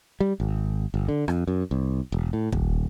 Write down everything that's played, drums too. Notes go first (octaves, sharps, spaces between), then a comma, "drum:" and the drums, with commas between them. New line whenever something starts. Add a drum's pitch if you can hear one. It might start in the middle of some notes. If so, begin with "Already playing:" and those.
G3
G#1
G1
D3
F2, drum: rim click
F#2
C2
E1
A2
D#1, drum: kick